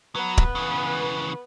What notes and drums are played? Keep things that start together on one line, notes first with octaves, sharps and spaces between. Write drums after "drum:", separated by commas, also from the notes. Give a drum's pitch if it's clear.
F#3 B3 B4
drum: kick D1
C#3 E3